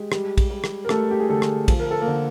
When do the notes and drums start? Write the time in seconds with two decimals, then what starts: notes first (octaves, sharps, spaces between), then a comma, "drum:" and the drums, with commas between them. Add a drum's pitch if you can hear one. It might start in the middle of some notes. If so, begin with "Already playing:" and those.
Already playing: G#3 G4
0.12 G3, drum: rim click
0.38 drum: kick A#1, cymbal
0.50 G3
0.64 drum: rim click
0.85 A#4
0.89 G3 A3 A4, drum: rim click
1.11 G4
1.20 G#4
1.29 D3 A3 A4
1.42 drum: rim click
1.68 F3, drum: kick A#1, cymbal
1.79 A#4
1.91 A4
2.01 A#3 A#4
2.07 D3